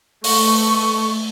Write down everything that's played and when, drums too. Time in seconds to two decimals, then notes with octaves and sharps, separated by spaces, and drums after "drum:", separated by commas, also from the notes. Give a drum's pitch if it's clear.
0.24 A3 C#6, drum: open hi-hat